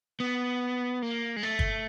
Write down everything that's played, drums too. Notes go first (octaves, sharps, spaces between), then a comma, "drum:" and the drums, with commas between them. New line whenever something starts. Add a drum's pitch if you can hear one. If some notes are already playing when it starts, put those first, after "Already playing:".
B3
A#3
G#3
A3
drum: kick